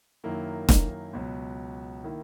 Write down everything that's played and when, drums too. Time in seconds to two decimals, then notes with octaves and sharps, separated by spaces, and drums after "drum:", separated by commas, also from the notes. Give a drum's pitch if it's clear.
0.24 F#2 D#3 A#3 E4
0.69 drum: snare E1
1.13 C#2 B2 F#3
2.04 D#3 A#3 E4